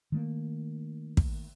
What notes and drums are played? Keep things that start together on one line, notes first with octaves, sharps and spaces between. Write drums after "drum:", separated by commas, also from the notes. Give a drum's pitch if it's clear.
D#3 A3 A#3
drum: kick